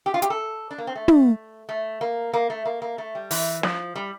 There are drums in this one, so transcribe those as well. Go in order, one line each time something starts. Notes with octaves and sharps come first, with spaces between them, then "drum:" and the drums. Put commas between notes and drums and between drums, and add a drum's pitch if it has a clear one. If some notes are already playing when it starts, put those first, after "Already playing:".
G4
F4
G4, drum: hi-hat
A4
D4
A#3
C4
A3
drum: tom
A3
A#3
A#3
A3
A#3
A#3
A3
G3
E3, drum: open hi-hat
F3, drum: snare
G3